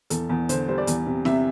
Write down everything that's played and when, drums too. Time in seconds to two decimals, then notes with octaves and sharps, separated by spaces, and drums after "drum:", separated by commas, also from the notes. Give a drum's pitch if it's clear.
0.10 E2 A4, drum: hi-hat
0.29 E2
0.49 D3 C5, drum: hi-hat
0.68 G3 C5
0.78 D5
0.87 E2, drum: hi-hat
1.07 C3
1.25 C3 E5, drum: snare